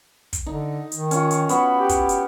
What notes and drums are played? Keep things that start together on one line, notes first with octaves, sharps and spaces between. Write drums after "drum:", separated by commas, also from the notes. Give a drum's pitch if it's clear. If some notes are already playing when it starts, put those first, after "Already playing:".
drum: kick, hi-hat
D3 D#4
D#3, drum: hi-hat
C#4 F4, drum: hi-hat
drum: hi-hat
B3 F#4 B5, drum: hi-hat
G4
drum: kick, hi-hat
drum: hi-hat